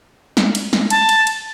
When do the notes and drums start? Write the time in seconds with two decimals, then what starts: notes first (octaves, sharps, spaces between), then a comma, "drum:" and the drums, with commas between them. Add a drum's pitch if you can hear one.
0.37 drum: snare
0.55 drum: cymbal
0.73 drum: snare
0.90 A5, drum: cymbal
1.09 drum: cymbal
1.27 drum: cymbal